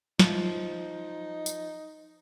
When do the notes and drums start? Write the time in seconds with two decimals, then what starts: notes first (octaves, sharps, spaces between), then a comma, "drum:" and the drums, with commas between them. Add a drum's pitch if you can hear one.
0.19 F3 D#4, drum: snare
1.46 drum: tambourine